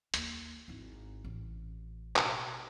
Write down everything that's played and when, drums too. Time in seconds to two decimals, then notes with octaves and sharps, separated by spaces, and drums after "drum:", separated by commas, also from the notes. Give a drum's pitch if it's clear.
0.14 D#2, drum: hi-hat
0.68 G#1 E4
1.24 A1
2.16 B2, drum: clap